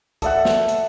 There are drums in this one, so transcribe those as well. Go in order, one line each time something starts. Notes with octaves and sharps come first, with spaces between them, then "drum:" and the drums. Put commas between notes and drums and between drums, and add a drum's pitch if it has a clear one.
A4 D5 E5 F#5, drum: kick C#2, hi-hat
drum: snare
drum: hi-hat